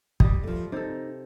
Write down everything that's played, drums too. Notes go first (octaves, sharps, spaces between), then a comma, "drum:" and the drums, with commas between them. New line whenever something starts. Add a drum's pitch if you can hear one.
G3 D#5, drum: kick
F3 A3
C3 D#4 A4